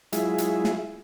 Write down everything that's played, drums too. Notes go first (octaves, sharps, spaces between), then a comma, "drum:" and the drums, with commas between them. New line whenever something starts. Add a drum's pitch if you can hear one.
F#3 G#3 E4 F4 G#4 E5, drum: hi-hat
drum: hi-hat
drum: snare